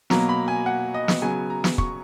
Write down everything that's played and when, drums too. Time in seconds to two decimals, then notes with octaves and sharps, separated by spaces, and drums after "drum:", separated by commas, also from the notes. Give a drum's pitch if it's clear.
0.10 B2 F#3 A#3 A#5, drum: snare
0.29 B5
0.48 G#5
0.66 F#5
0.94 D#5
1.08 drum: snare
1.22 C#3 F#3 B3 G#5
1.50 A#5
1.64 drum: snare
1.78 C#6, drum: kick